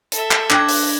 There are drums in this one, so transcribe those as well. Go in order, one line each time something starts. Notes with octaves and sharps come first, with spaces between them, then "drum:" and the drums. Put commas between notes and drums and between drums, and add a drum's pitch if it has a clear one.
A4 E5, drum: hi-hat
drum: clap
D4 G5 D6 F#6 G#6 A#6, drum: clap
drum: open hi-hat